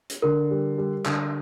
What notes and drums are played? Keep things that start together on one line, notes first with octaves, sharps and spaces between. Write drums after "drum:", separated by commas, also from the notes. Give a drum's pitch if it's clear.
drum: hi-hat
D3 A#4
G3
G3
D3, drum: clap